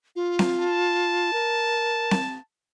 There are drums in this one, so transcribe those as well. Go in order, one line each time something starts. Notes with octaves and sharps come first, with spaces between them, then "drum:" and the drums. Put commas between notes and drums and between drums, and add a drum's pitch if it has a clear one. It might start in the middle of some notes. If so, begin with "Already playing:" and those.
F4
drum: snare C4
A5
A#4
drum: snare C4